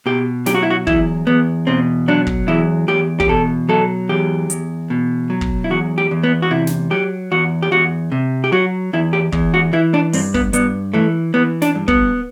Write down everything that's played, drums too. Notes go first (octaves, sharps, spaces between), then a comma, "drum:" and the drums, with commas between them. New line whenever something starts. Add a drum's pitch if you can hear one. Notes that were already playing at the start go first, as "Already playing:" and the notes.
B2 G4
F#3 G4, drum: snare
F#4
E4
F#4
E2 E4, drum: kick
E2 B3
B2 C4
F#3 D4
drum: kick
E2 E4
E2 G4
G4, drum: kick
B2 A4
F#3 A4
E2 G4
E2, drum: hi-hat
B2
F#3
drum: kick
E4
E2 F#4
G4
E2
B3
F#4
C3 E4
drum: snare
F#3 G4
E2 F#4
G4
E2 F#4
C3
G4
F#3 F#4
E2 E4
G4
E2, drum: kick
F#4
E3 E4
D4
G2 C4, drum: open hi-hat
B3, drum: kick
G2 B3, drum: hi-hat
E3 A3
E3 B3
D4, drum: snare
G2
B3, drum: kick